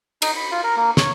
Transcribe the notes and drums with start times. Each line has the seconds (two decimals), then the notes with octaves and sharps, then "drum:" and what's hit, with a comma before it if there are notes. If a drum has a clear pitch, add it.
0.22 D#4, drum: cymbal
0.37 B5
0.52 F4
0.63 A#4
0.77 A#3
0.97 C#5, drum: snare